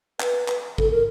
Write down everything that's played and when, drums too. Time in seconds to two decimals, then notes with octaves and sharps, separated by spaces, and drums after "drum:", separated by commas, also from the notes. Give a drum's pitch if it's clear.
0.20 B4, drum: clap
0.48 drum: clap
0.78 A4, drum: kick
0.91 A#4